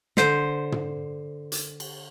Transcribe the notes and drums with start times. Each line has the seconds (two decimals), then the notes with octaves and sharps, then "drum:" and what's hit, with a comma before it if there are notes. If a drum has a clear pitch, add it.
0.17 D3 C5, drum: snare
0.72 drum: tom
1.52 drum: hi-hat
1.80 drum: cymbal